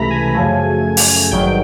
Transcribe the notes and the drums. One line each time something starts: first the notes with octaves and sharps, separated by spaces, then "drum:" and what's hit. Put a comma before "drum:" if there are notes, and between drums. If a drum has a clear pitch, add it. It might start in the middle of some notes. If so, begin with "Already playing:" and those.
Already playing: C#2 C3 E3 A3 A#5 B5
G#5
F#2 C#3 F3 A3
drum: open hi-hat
G#1 G2 D#3 F#3 G5